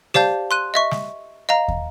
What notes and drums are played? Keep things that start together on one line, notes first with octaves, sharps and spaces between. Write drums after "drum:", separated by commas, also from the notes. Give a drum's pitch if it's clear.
G4 C5 D5 F5 A5 G6, drum: snare
C6 F#6 D#7
D#5 E5 C#6
drum: snare
D#5 F5 A#5
drum: kick